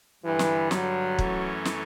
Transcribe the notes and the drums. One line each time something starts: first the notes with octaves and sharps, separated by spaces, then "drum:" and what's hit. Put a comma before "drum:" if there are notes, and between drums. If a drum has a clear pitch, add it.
G2 D3 E3 G3
drum: snare
F#3, drum: snare
F#2 E3 A3 C#4, drum: kick
drum: snare